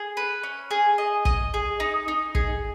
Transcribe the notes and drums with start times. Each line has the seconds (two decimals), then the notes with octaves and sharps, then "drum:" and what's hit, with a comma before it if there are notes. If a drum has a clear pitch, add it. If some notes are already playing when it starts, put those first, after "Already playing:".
Already playing: G#4
0.17 B4
0.44 C#4
0.71 G#4
0.98 D#5
1.25 D#5, drum: kick
1.54 G#4
1.80 D#4
2.08 D#4
2.35 G#4, drum: kick